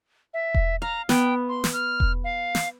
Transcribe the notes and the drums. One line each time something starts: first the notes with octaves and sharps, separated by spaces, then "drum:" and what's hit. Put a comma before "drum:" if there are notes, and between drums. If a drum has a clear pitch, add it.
E5
drum: kick E1
F5 A#5
B3 G5, drum: snare
C6
drum: snare
F6
drum: kick E1
F5
drum: snare